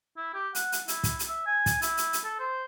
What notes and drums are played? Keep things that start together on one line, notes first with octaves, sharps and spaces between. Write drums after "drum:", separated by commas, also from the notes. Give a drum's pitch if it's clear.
E4
G4
F#5, drum: hi-hat
drum: hi-hat
E4, drum: hi-hat
drum: kick, hi-hat
drum: hi-hat
E5
G#5
drum: kick, hi-hat
E4, drum: hi-hat
drum: hi-hat
drum: hi-hat
A4
C5